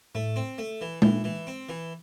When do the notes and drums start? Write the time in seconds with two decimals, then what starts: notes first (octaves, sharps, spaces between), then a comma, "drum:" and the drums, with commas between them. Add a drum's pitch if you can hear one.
0.15 A2 A3
0.36 C4
0.58 A3
0.81 E3
1.02 A#2 E3, drum: tom G#3
1.24 E3
1.47 C4
1.69 E3